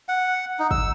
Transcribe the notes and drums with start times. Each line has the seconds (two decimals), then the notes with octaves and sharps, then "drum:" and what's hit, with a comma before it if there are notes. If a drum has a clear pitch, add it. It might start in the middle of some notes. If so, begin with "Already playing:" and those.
0.09 F#5
0.59 D#4
0.71 E6, drum: kick